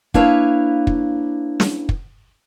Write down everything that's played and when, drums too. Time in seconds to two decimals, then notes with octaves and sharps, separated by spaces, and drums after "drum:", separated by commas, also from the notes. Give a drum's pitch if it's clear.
0.14 A#3 D4 E4 B4 C#5 F5, drum: kick
0.87 drum: kick
1.60 drum: snare
1.89 drum: kick